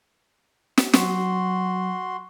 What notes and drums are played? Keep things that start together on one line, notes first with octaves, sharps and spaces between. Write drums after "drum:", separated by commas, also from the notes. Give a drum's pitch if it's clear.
drum: snare
F#3 F#4 C6, drum: snare